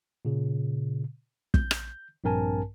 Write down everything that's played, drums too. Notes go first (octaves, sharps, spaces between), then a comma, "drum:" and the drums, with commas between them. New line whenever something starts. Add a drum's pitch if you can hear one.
A#2 C#3
G6, drum: kick
drum: rim click
A#1 G2 C4 A#4 G#5 A5